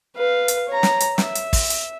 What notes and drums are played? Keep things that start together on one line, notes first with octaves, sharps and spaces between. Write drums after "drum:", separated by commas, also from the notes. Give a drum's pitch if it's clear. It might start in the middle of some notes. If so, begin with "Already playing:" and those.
B4 F5
drum: hi-hat
C#5 A#5
drum: snare
drum: hi-hat
E5, drum: snare
drum: hi-hat
drum: kick, open hi-hat
drum: hi-hat